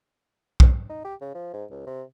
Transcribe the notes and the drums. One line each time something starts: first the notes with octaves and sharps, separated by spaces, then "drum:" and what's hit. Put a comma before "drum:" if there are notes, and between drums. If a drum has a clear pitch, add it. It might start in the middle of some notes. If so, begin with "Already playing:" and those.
drum: kick
D#4
G4
C#3
F3
G#2
C#2
C3